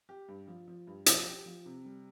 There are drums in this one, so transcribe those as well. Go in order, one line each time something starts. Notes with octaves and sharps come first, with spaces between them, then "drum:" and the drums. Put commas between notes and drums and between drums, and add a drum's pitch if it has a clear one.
G4
G2
F3
F3
G2
F3, drum: hi-hat
G4
F3
C3
G3